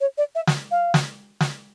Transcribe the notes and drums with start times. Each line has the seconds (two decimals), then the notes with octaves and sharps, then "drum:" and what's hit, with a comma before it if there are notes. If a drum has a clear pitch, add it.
0.01 C#5
0.18 D5
0.35 E5
0.47 drum: snare
0.71 F5
0.94 drum: snare
1.41 drum: snare